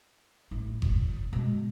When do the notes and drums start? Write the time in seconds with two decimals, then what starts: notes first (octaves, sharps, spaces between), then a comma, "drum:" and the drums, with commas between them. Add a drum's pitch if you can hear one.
0.51 A1 E4
0.82 E1, drum: kick G1
1.33 B2 G#3